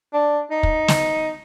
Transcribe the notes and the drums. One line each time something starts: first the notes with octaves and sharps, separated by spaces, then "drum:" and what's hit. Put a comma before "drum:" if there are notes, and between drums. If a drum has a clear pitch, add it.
D4
D#4
drum: kick
drum: snare